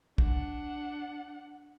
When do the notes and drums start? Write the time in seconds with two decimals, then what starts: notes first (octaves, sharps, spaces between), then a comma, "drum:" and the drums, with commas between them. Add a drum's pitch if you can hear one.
0.18 D4 F#5, drum: kick